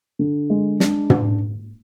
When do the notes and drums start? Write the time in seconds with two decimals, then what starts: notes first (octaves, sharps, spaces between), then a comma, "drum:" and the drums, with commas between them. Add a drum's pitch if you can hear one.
0.19 D3
0.50 G#3
0.80 D4, drum: snare
1.10 drum: tom